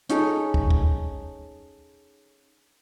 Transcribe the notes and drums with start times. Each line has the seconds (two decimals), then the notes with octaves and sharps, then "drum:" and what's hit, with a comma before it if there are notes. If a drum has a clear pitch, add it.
0.09 C#4 D#4 G#4 A4, drum: hi-hat
0.54 drum: kick
0.70 drum: kick